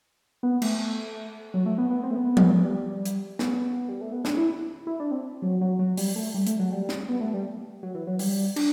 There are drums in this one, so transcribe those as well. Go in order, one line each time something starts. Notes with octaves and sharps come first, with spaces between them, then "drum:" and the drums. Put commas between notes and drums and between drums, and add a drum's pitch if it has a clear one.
B3
A3, drum: cymbal
F#3
A3
B3
B3
C4
A3
B3
drum: tom F3
G3
drum: hi-hat
B3, drum: snare
G3
A3
B3
D4, drum: snare
E4
E4
D4
C4
F#3
F#3
F#3
G3, drum: open hi-hat
A3
G3
A3, drum: hi-hat
F#3
G3
drum: snare
B3
A3
G3
F#3
E3
F#3
G3, drum: open hi-hat
D4, drum: cymbal